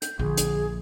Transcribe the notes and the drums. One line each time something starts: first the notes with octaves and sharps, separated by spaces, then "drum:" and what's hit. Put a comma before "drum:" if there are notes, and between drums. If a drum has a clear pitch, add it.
G6, drum: hi-hat
A#1 D3 G#4
drum: hi-hat